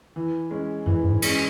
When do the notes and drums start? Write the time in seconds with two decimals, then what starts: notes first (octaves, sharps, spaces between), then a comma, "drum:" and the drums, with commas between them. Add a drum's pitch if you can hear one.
0.16 E3
0.51 G#3 C#4
0.86 F#2 E3
1.04 F#2
1.11 G#2
1.22 G#3 C#4, drum: cymbal